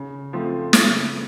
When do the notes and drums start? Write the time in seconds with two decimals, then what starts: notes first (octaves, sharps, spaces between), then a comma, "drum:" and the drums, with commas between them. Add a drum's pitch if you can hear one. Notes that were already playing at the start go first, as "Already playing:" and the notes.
Already playing: C#3
0.33 F3 A3 C4
0.73 C#3, drum: snare